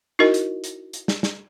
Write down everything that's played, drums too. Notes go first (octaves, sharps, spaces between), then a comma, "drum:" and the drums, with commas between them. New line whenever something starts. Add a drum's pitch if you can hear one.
D#4 E4 F#4 A#4 D#5
drum: hi-hat
drum: hi-hat
drum: hi-hat
drum: snare
drum: snare